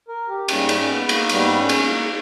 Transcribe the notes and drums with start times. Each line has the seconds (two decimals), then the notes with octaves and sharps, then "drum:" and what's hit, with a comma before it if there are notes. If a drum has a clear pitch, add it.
0.09 A#4
0.28 G4
0.48 G#2 G3 A#3 C#4, drum: cymbal
0.69 C#4, drum: cymbal
0.89 B3
1.09 A#3, drum: cymbal
1.29 G#2 G3 A#3 B3, drum: cymbal
1.56 C#4
1.69 drum: cymbal
1.83 A#3